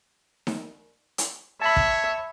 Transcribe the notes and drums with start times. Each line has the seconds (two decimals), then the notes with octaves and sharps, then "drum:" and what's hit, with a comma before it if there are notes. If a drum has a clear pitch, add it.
0.47 drum: snare D#4
1.18 drum: hi-hat
1.62 C#5 E5 A5 B5
1.76 drum: kick